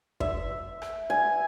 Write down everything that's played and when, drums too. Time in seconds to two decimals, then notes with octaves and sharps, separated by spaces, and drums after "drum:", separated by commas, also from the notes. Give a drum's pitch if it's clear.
0.20 E5, drum: kick
0.82 drum: rim click
1.10 G#5